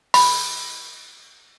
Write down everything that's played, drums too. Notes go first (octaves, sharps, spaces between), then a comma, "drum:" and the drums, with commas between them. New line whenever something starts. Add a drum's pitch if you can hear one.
B5, drum: open hi-hat